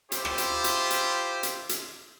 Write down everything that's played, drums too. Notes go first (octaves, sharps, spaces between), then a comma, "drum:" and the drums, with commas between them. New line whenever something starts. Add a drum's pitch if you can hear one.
E4 F4 G4 C5, drum: hi-hat
drum: rim click
drum: hi-hat
drum: hi-hat
drum: hi-hat
drum: hi-hat
drum: hi-hat